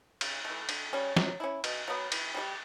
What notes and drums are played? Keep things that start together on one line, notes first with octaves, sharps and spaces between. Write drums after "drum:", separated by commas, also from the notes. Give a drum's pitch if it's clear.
C#3, drum: cymbal
E3 A3
D3, drum: cymbal
G3 C#4
F#3, drum: snare
C#4 E4
B2, drum: cymbal
F#3 B3
E3, drum: cymbal
G3 C#4 G4